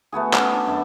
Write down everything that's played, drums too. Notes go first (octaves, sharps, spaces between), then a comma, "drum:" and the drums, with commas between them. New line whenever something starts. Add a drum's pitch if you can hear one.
A3 B3 F#4 G#4
C#4 A4, drum: clap
D4
F#2 A5